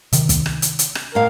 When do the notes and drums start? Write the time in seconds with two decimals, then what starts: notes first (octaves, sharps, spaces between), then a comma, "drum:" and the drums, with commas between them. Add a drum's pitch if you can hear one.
0.13 C3 D#3, drum: hi-hat
0.29 drum: kick, hi-hat
0.46 drum: rim click
0.62 drum: hi-hat
0.79 drum: hi-hat
0.95 drum: rim click
1.15 A2 A#4 F5